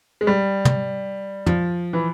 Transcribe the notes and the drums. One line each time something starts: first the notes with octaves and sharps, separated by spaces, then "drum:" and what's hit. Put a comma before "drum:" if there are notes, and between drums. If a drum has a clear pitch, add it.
G#3
G3
drum: tom
F3, drum: tom
E3